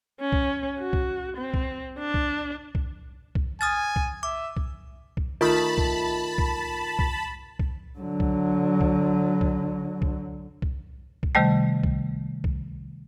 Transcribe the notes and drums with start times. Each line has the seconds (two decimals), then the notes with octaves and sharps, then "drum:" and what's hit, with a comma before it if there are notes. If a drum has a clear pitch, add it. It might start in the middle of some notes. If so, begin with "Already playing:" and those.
0.20 C#4
0.33 drum: kick C2
0.80 F#4
0.93 drum: kick C2
1.37 C4
1.54 drum: kick C2
1.99 D4
2.14 drum: kick C2
2.75 drum: kick C2
3.35 drum: kick C2
3.61 G#5 D#6 F6 A6
3.96 drum: kick C2
4.23 E5 D6
4.57 drum: kick C2
5.17 drum: kick C2
5.41 D#3 A3 F4 A5 B5
5.78 drum: kick C2
6.38 drum: kick C2
6.99 drum: kick C2
7.59 drum: kick C2
7.99 D3 F#3
8.20 drum: kick C2
8.81 drum: kick C2
9.41 drum: kick C2
10.02 drum: kick C2
10.62 drum: kick C2
11.23 drum: kick C2
11.35 C3 D#3 G3 A3
11.84 drum: kick C2
12.44 drum: kick C2